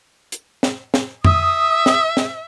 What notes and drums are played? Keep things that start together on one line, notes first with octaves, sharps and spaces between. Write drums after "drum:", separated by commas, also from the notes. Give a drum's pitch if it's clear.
drum: hi-hat
drum: snare
drum: snare
E5 D#6, drum: tom F2
drum: snare
drum: snare